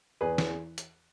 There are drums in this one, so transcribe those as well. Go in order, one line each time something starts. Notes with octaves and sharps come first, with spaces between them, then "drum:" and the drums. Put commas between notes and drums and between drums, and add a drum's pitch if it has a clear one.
E2 G#4 B4
E3, drum: snare
G#4
drum: hi-hat